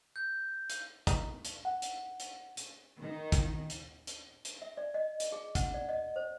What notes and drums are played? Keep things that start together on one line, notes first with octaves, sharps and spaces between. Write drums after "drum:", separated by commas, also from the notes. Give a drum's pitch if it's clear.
G6
drum: hi-hat
D#4, drum: kick, hi-hat
drum: hi-hat
F#5
drum: hi-hat
drum: hi-hat
drum: hi-hat
D#3
drum: kick, hi-hat
drum: hi-hat
drum: hi-hat
drum: hi-hat
E5
D5
D#5
drum: hi-hat
G#4
F#5, drum: kick, hi-hat
D5
D#5
C5